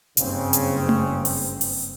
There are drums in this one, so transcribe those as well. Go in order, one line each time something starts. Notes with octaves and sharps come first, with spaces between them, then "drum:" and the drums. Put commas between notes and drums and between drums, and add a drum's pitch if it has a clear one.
F#1 G2 C#3 C4, drum: hi-hat
drum: hi-hat
drum: tom A3
drum: open hi-hat
drum: open hi-hat